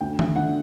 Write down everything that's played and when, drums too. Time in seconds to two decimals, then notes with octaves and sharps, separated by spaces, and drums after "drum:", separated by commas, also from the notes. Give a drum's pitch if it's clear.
0.01 D2 G5
0.19 E5, drum: tom D#3
0.36 D3 F#5